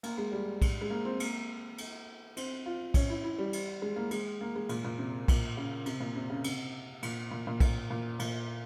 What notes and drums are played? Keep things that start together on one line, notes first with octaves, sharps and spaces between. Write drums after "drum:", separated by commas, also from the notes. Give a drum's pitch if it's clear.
A#3, drum: cymbal
G#3
G3
drum: kick B1, cymbal
G#3
A#3
C4
A#3, drum: cymbal
drum: cymbal
C4, drum: cymbal
F4
C#4, drum: kick B1, cymbal
E4
E4
G3
drum: cymbal
G#3
A#3
G#3, drum: cymbal
A#3
G#3
A#2, drum: cymbal
A#2
C3
A#2, drum: kick B1, cymbal
C#3
C3, drum: cymbal
A#2
C3
C#3
C3, drum: cymbal
A#2, drum: cymbal
A#2
A#2
A#2, drum: kick B1, cymbal
A#2
A#2, drum: cymbal